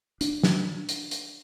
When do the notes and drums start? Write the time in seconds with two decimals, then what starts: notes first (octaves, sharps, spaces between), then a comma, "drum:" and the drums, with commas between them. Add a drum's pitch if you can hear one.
0.21 D4, drum: hi-hat
0.43 drum: snare
0.89 drum: hi-hat
1.11 drum: hi-hat